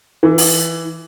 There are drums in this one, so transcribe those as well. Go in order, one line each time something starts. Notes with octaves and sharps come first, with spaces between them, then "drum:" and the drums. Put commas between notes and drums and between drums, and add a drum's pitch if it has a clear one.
E3
drum: open hi-hat